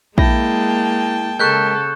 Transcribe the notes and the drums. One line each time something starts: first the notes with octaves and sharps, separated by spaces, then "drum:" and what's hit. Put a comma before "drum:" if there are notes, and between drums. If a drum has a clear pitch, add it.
G#3 A#3 E4 G5 A5 A#6, drum: kick A#1
C#3 G#3 A4 A#4 C#6 F#6 G6 B6